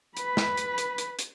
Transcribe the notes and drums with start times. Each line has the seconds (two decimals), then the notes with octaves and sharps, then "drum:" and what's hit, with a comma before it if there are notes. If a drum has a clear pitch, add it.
0.17 B4 B5, drum: hi-hat
0.37 drum: snare
0.57 drum: hi-hat
0.78 drum: hi-hat
0.98 drum: hi-hat
1.19 drum: hi-hat